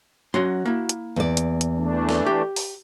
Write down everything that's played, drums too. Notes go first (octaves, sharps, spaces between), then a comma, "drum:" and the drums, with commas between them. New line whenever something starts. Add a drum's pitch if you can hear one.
F#3 C#4 F#4 C6
A#3 E4
drum: hi-hat
E2 D5
drum: hi-hat
drum: hi-hat
E3 A3 D4
drum: snare
G4
drum: open hi-hat